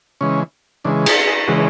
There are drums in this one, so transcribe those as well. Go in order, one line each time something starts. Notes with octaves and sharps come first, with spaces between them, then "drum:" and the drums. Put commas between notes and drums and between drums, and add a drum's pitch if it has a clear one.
C#3 E3 G#3 C#4
C#3 E3 G#3 D4
G#4, drum: cymbal
G#4
C#3 E3 G#3 F#4